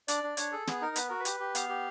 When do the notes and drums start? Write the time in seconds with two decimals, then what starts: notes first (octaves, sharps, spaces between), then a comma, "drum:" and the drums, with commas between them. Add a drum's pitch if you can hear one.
0.08 D4 D5, drum: hi-hat
0.24 D4
0.37 D4 C#5, drum: hi-hat
0.52 G#4 A4
0.67 B3 G#4, drum: snare
0.81 D#4 A#4
0.96 B3 B4, drum: hi-hat
1.09 F#4 A#4
1.20 B4
1.25 G4, drum: hi-hat
1.40 G4
1.55 B3 F5, drum: hi-hat
1.69 G4